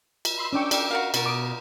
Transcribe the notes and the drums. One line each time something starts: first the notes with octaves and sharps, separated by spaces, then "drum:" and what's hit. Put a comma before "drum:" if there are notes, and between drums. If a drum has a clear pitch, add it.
drum: cymbal
B5 C6 E6
C#4 D4 G5 C#6 D6 E6
A4 D5 F5, drum: cymbal
F#4 A#4 F5
B2 F4 F#4 A#4, drum: cymbal
D6 D#6